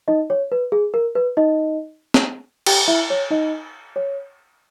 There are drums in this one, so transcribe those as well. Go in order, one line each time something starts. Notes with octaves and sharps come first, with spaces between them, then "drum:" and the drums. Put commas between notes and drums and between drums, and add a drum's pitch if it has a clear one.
D#4 D#5
C#5
B4
G#4
A#4
B4
D#4 D#5
drum: snare
G4 G5, drum: cymbal
E4 E5
C#5
D#4 D#5
C#5